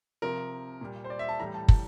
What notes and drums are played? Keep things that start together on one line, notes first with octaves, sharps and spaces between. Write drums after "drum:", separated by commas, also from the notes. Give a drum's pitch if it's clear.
C3 F3 A#4
A#2 G3
C5
D5
E5
A5
A2 E3 G3 A#5
A5
A5, drum: kick